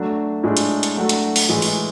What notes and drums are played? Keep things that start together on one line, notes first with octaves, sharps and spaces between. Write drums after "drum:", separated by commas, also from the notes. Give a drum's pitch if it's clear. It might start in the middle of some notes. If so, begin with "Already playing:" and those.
Already playing: F#3 A3 D4
A2 G#3 D4
drum: hi-hat
drum: hi-hat
F#3 A3 D4 F#4
drum: hi-hat
drum: open hi-hat
A2 E3 G#3
drum: open hi-hat